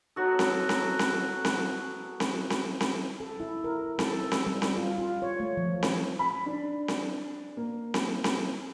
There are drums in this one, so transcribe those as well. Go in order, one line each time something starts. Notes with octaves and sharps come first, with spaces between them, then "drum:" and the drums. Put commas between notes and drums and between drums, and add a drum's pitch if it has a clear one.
F#3 B3 F#4 A4
drum: snare C4
drum: snare C4
drum: snare C4
drum: snare C4
drum: snare C4
drum: snare C4
drum: snare C4
A4
E4
A#4
A4, drum: snare C4
drum: snare C4
G3
drum: snare C4
F4
F4
C#5
A3
F3
drum: snare C4
B5
D4
drum: snare C4
A#3
drum: snare C4
drum: snare C4